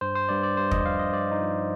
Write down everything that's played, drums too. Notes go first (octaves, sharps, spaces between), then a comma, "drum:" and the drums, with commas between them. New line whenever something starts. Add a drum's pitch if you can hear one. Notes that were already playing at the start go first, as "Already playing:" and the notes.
G2 C5
C5
G2 D5
D5
G2 C5
D#5, drum: kick
F3 F5
D#5
G2 D5
D#4
F3